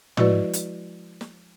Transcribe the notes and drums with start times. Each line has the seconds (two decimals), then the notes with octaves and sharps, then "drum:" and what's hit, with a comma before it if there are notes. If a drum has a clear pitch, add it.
0.17 F3 G#3 E4 F#4 B4 D5, drum: tom
0.53 drum: hi-hat
1.21 drum: snare